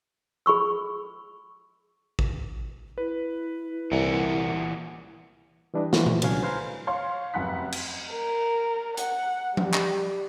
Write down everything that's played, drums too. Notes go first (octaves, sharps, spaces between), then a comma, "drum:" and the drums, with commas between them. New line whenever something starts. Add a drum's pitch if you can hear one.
G#4 B5 C#6 E6
drum: kick A1
E4 B4
C2 A#2 E3 F#5
E3 G3 D4 B4 D#5
E3 F3 A3 A#3 F4 F#4, drum: snare
drum: tom A#2
C2 D3 F#3 C#4 F5 G#5, drum: cymbal
B4 C5 F5 G#5 A#5
C#5 F5 C6
F1 F#2 F#5 B5 F#6 B6
drum: cymbal
A#4
F#5, drum: hi-hat
G3, drum: tom F3
drum: clap